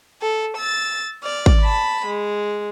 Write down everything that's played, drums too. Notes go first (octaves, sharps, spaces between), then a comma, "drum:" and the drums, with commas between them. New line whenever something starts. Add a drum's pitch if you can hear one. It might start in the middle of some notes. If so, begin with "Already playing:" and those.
A4
E6 A6
D5 F6
drum: kick
A5 B5
G#3